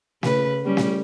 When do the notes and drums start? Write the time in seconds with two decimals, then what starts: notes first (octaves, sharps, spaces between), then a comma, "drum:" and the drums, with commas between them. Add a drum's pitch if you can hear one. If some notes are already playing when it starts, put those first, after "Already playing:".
0.23 C#3 B4, drum: snare
0.64 G3 C#4
0.77 drum: snare